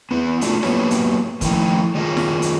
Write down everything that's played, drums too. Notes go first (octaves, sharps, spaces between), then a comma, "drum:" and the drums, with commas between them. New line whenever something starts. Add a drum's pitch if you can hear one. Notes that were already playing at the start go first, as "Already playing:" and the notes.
B3 E4 B4
A3 D4 F4 F#4, drum: hi-hat
F#3 A#3 B3 G4 B4 C#5, drum: snare E4
drum: hi-hat
D#3 F3 A3 E4 G5, drum: kick, hi-hat
D#3 G3 F4 G#4 D#5
drum: snare E4
drum: hi-hat